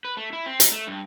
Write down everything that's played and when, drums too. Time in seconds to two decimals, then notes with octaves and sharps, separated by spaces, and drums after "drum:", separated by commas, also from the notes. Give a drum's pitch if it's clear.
0.05 B4
0.17 A3
0.33 E4
0.46 C4
0.60 D#4, drum: hi-hat
0.72 A3
0.87 G2